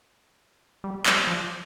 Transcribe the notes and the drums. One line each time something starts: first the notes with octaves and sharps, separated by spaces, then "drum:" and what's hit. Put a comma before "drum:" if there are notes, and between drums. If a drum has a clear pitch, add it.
G3
G3, drum: clap
F3